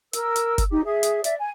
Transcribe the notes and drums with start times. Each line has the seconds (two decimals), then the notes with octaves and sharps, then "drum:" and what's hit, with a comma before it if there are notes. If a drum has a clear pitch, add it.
0.13 A#4 E6, drum: hi-hat
0.36 drum: hi-hat
0.58 drum: kick F#1, hi-hat
0.71 D#4 G4
0.84 G#4 E5
1.03 drum: hi-hat
1.24 D5 E5, drum: hi-hat
1.39 G#5